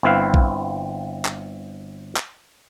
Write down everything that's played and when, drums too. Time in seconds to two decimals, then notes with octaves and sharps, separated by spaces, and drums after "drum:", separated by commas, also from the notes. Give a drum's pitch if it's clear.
0.03 G1 C4 E4 B4 F5
0.34 drum: kick A#1
1.25 drum: clap
2.16 drum: clap